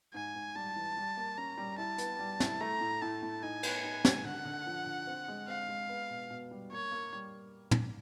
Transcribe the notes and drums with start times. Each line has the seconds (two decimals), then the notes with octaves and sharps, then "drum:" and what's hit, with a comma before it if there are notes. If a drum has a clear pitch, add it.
0.14 G#2 G#5
0.35 G#2
0.55 G3 A5
0.76 E3
0.97 G3
1.17 A#3
1.38 C#4 A#5
1.57 G3
1.78 E4 A5
1.98 B3, drum: hi-hat
2.19 G3
2.40 E4, drum: snare
2.60 A3 A#5
2.81 A2
3.02 A2 A5
3.22 A2
3.43 D#4 G#5
3.63 B3, drum: cymbal
3.84 D#4
4.05 D#4, drum: snare
4.25 D3 F#5
4.45 D3
4.66 F3
4.86 D3
5.07 C4
5.28 G#3
5.48 C4 F5
5.68 G#3
5.89 B3
6.10 B2
6.30 B2
6.51 G3
6.71 A#3 C#5
6.92 A#3
7.12 G3
7.71 drum: tom